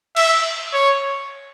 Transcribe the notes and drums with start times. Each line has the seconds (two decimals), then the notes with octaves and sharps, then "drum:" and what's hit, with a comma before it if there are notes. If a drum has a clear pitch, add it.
0.16 E5, drum: cymbal
0.73 C#5